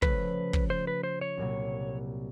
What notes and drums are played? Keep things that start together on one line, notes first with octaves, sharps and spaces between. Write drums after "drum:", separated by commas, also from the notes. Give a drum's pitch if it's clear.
C#3 F3 A3 B4, drum: kick
drum: kick
C5
B4
C5
C#5
C2 A#2 F#3 A#3